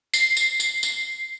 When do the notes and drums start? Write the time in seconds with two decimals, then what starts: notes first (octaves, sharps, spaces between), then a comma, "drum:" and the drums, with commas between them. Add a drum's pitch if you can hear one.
0.14 C7, drum: tambourine
0.37 drum: tambourine
0.60 drum: tambourine
0.83 drum: tambourine